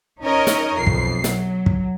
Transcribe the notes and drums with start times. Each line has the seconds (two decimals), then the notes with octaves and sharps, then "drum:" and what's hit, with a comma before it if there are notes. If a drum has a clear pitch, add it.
0.20 C#4 D#4 A#4 C#5 D#5
0.47 drum: snare
0.77 B1 F2 C7
0.87 drum: kick
1.24 F#3, drum: snare
1.66 drum: kick